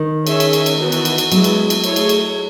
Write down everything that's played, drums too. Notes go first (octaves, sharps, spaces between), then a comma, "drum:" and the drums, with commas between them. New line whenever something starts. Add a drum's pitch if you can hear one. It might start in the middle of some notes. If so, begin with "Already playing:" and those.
Already playing: D#3
C#4 G#4 C#5 E5, drum: cymbal
drum: cymbal
drum: cymbal
drum: cymbal
E3 B3 D#4 F#4
drum: cymbal
drum: cymbal
drum: cymbal
F#3 G#3 B3 E4, drum: cymbal
drum: cymbal
drum: cymbal
A3 E4 G#4 C#5, drum: cymbal
drum: cymbal
drum: cymbal